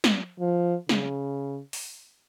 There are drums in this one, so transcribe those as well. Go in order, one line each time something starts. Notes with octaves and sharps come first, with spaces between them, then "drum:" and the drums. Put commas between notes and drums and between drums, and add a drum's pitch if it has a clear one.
drum: snare
F3
C#3, drum: snare
drum: open hi-hat